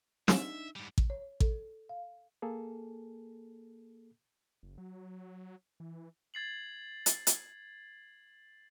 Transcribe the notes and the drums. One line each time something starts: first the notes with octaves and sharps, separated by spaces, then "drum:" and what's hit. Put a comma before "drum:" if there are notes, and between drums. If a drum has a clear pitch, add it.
D4 D#4 E5, drum: snare
G#2 G3
drum: kick A1
C#5
A4, drum: kick A1
F5
A#3 G#4 A4
F#1
F#3
E3
G#6 A6 C7 F#7
drum: hi-hat
drum: hi-hat